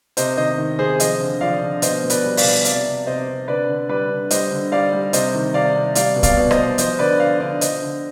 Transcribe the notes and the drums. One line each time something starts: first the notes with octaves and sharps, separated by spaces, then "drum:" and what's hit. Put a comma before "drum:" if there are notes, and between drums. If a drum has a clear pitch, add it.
C3 C5 D#5, drum: hi-hat
D#3 C5 D#5
D#3
C3 G#4 C5
F3 C5 D#5, drum: hi-hat
D3
F3 D5 F5
D3
B2 C5 D#5, drum: hi-hat
B2
B4 D5, drum: hi-hat
G3
D5 F5, drum: open hi-hat
B2
C3 D5 F5, drum: hi-hat
C3
C3 C5 D#5
C3
D3 B4 D5
D3
G3 B4 D5
D3
G3 C5 D#5, drum: hi-hat
D3
G3 D5 F5
G3
C3 C5 D#5, drum: hi-hat
D#3
C3 D5 F5
C3
G3 D5 F5, drum: hi-hat
B2
D5 F5, drum: kick, hi-hat
B2
C5 D#5, drum: rim click
B2
F3 C5 D#5, drum: hi-hat
D3 B4 D5
D3 D5 F5
D3 D5 F5
D3 C5 D#5, drum: hi-hat
D3